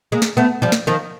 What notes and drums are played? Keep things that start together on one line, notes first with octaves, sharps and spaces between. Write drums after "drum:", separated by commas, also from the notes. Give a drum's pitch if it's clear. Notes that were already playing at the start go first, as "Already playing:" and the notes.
G#3 A#3
drum: snare
A3 B3
F3 G3
drum: snare
D#3 F3